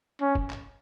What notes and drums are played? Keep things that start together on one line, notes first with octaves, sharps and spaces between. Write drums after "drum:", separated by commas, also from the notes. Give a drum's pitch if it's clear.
C#4
drum: kick
drum: clap